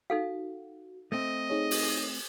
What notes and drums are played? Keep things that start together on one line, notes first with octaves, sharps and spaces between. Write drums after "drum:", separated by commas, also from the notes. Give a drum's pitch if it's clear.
D#4 F#4 A4 F5
A3 C4 D#5
D#4 G#4 C#5
drum: open hi-hat